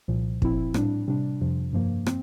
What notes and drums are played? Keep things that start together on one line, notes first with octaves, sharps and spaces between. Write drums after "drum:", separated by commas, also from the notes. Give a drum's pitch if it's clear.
C2 A#2 F3
A#2 F3 C4 E4, drum: kick
A2 G3 D4, drum: rim click
C3 G3 D4
F2 C3 F3
G2 F3 A#3
C4, drum: rim click